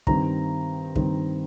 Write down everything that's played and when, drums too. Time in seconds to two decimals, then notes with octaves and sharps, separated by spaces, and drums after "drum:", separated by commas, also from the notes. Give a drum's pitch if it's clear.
0.07 G2 D#3 C4 A#5, drum: kick
0.96 G2 D#3 C4, drum: kick